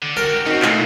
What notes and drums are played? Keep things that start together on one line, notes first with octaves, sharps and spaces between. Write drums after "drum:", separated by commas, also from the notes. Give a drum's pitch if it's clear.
D3
F#4 G4 A#4 D7
C4 C#4 D#4 F#4
B2 A3 D#4 F4, drum: clap